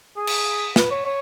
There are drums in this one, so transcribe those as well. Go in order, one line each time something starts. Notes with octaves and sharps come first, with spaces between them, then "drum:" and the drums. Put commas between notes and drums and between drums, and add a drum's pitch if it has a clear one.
G#4
drum: cymbal
B4, drum: snare
C#5
C#5